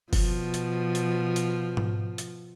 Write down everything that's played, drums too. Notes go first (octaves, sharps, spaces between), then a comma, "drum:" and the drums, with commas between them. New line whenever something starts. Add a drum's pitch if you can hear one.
B2 F3, drum: kick F#1, open hi-hat
drum: hi-hat
drum: hi-hat
drum: hi-hat
drum: tom G#2
drum: hi-hat